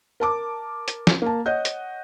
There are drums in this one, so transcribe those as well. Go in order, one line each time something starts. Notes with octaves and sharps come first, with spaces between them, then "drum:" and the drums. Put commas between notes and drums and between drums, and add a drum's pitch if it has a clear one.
A#4 A5 D6
drum: hi-hat
drum: snare
A#3 A5
C#5 D#5 F#5 G6
drum: hi-hat